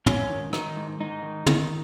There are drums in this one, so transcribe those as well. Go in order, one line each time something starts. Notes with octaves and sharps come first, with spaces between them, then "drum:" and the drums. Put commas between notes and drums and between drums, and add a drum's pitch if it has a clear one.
G#2 C#4, drum: tom
D#3
D#3 D#4, drum: rim click
G#2
G#2 D#4
D#3
D#3, drum: tom